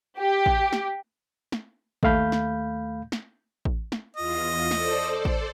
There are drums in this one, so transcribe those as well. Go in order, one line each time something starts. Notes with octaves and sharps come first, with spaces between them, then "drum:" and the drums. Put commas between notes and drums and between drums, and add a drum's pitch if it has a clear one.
G4
drum: kick A1
drum: snare
drum: snare
D#2 A3 F5 B5 G6, drum: kick A1
drum: snare
drum: snare
drum: kick A1
drum: snare
E2 F4 D#5
A4 C5 D5, drum: snare
drum: kick A1